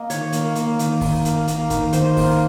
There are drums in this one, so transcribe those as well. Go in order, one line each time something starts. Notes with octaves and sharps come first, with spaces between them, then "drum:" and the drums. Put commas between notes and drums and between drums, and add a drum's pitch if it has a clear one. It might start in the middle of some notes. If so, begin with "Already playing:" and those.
Already playing: A#3 D#5
D#3 C#5, drum: hi-hat
A#3, drum: hi-hat
A#3, drum: hi-hat
D#3, drum: hi-hat
D#3, drum: kick, open hi-hat
A#3, drum: hi-hat
A#3, drum: hi-hat
D#3, drum: kick, hi-hat
D#3 C5, drum: hi-hat
A#3, drum: kick, open hi-hat